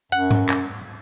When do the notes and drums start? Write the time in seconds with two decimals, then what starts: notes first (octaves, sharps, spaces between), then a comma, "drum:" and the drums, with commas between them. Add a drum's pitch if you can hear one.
0.12 F#2 F#5
0.31 drum: tom G#2
0.49 drum: clap